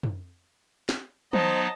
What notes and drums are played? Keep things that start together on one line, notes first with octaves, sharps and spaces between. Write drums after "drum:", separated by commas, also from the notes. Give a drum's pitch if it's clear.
drum: tom
drum: snare
F#3 B3 D#4 C5 D#5 A5, drum: tom